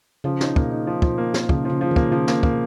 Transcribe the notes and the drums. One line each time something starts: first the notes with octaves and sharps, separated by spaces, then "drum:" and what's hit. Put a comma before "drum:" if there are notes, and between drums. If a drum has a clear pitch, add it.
C#3 F3
D#4, drum: snare
A#3, drum: kick
D#4
F3
F3, drum: kick
A#3
A#3, drum: snare
C#3 F3, drum: kick
C#3 F3
F3
D#3
A#3, drum: kick
C#3 F3
A#3, drum: snare
A#3, drum: kick